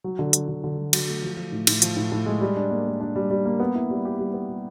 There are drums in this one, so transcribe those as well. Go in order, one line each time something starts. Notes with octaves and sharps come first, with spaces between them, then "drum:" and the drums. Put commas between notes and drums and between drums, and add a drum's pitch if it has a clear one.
F#3
D3
F#3, drum: hi-hat
D3
D3
F#3
F#3, drum: cymbal
A3
F3
F3
A2
A2, drum: cymbal
F3, drum: hi-hat
A2
A2
G#3
G3
D4
A#3
A#3
D4
G3
G3
A#3
B3
E4
G3
G4
G3
B3
G3